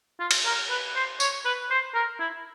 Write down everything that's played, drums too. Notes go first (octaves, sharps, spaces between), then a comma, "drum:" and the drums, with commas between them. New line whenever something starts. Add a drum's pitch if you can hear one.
F4
drum: cymbal
A#4
B4
C5
C#5, drum: tambourine
B4
C5
A#4
E4